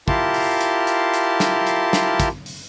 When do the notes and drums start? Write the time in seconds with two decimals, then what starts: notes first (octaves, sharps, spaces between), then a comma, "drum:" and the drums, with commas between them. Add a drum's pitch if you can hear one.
0.08 E4 F4 G4 A#4 A5 C6, drum: kick
0.34 drum: open hi-hat
0.61 drum: hi-hat
0.87 drum: hi-hat
1.14 drum: hi-hat
1.40 drum: snare
1.67 drum: hi-hat
1.93 drum: snare
2.20 drum: kick, hi-hat
2.46 drum: open hi-hat